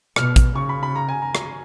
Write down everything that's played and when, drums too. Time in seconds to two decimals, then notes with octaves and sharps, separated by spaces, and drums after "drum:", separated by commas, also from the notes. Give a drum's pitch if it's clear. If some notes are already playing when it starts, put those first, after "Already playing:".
0.16 B2 F6, drum: rim click
0.36 drum: kick, hi-hat
0.55 C#3 C#6
0.69 B5
0.83 B5
0.96 A#5
1.09 G#5
1.22 A#5
1.35 drum: rim click